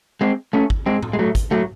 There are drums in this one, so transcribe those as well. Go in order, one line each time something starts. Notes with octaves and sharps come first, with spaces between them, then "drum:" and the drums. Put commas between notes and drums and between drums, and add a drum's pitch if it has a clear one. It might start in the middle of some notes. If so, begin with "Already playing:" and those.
G#3 C4
A3 C#4
drum: kick
G#3 C4
drum: tom A2
G#3
F#3 A3
drum: kick, hi-hat
F#3 A3